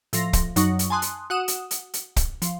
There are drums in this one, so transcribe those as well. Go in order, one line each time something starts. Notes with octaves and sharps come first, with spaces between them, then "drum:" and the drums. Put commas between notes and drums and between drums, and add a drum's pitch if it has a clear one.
A2 F3 A#6, drum: hi-hat
drum: kick, hi-hat
F#2 F#3 D#4 C#6, drum: hi-hat
drum: hi-hat
G#5 A5 C6 D#6 F#6
drum: hi-hat
F#4 F#5 D#6 E7
drum: hi-hat
drum: hi-hat
drum: hi-hat
drum: kick, hi-hat
F3, drum: hi-hat